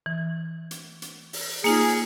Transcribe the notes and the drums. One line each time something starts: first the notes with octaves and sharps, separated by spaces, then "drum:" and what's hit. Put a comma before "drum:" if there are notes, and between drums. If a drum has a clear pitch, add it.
E3
drum: hi-hat
drum: hi-hat
drum: open hi-hat
A#3 D#4 F4 G#4, drum: open hi-hat